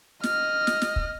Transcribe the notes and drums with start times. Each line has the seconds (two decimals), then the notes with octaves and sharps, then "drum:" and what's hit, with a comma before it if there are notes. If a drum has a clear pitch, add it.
0.23 D#5 F6, drum: snare
0.67 drum: snare
0.82 drum: snare
0.96 drum: kick